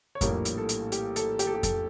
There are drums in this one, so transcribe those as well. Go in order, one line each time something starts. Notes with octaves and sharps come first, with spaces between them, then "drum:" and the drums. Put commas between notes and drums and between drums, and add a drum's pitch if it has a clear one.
C#5
A#1 A2 G3 A#3 A#4, drum: kick F2, hi-hat
drum: hi-hat
A4
drum: hi-hat
G4, drum: hi-hat
A4, drum: hi-hat
G4, drum: hi-hat
A4
G4
A4, drum: kick F2, hi-hat